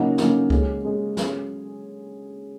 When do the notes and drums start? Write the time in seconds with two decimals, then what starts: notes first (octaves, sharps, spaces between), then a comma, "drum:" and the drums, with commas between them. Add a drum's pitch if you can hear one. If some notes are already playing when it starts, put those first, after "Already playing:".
Already playing: C#3 F#3 A#3 D#4 F#4
0.18 C#3 F#3 A#3 D#4 F#4, drum: snare
0.50 G#3 C#4 G#4, drum: kick C#2
0.85 G#3 C#4 G#4
1.17 F#3 C#4 G#4, drum: snare